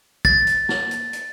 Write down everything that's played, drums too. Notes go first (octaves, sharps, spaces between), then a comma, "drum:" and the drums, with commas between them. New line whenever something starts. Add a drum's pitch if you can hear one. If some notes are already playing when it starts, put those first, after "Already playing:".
A6, drum: kick
drum: hi-hat
drum: snare
drum: hi-hat
drum: hi-hat